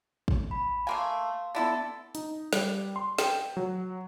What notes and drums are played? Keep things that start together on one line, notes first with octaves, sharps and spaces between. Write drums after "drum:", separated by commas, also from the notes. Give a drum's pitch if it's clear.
drum: kick
B5
A3 A#3 F5 G#5 C6
D3 B3 E4 A4 A6
D#4, drum: hi-hat
G3, drum: snare
C6
G5, drum: snare
F#3